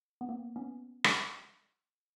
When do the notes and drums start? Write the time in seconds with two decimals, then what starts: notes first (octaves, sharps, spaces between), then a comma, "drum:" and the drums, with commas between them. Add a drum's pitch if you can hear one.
0.21 B3
0.29 A#3 C4
0.56 B3 C#4
1.04 drum: rim click